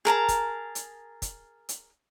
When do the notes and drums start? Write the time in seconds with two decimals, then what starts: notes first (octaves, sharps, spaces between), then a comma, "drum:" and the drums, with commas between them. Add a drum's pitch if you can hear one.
0.05 G#4 A#4 A5 A#5
0.28 drum: kick, hi-hat
0.75 drum: hi-hat
1.22 drum: kick, hi-hat
1.69 drum: hi-hat